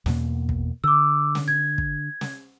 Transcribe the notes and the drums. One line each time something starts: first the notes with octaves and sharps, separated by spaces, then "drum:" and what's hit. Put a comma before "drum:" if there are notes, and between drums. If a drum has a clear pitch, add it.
E2 B2 A#3, drum: snare
drum: kick
D3 D6 E6
drum: snare
G#6
drum: kick
drum: snare